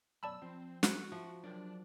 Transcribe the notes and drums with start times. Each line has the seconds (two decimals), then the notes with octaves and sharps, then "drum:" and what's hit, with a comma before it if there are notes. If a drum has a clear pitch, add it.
0.23 F#2 B2 D5 A5 B5 E6
0.42 F3 C4
0.83 F#4 F#5, drum: snare
1.12 F3 E5
1.44 F#3 D4 A#4 G5